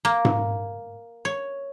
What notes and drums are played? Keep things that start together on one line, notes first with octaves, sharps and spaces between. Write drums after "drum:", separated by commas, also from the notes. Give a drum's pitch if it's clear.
A#3
drum: tom G#2
C#5